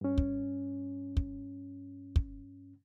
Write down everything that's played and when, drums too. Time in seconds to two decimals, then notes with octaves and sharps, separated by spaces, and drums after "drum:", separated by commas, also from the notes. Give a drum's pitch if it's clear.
0.01 G2 C#4
0.18 drum: kick
1.17 drum: kick
2.16 drum: kick